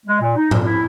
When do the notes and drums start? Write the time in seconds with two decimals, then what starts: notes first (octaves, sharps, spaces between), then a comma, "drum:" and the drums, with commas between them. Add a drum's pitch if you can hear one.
0.06 G#3
0.21 A#2
0.36 D#4
0.51 A#2, drum: tom G#2
0.66 E4